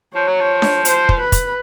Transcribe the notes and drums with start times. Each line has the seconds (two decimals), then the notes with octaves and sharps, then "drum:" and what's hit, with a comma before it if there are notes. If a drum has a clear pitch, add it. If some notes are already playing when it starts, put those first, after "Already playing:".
0.15 F3 C#5
0.28 F#3
0.41 F3
0.62 drum: snare D4
0.85 C5, drum: hi-hat
1.09 drum: kick
1.20 B4
1.32 drum: kick, hi-hat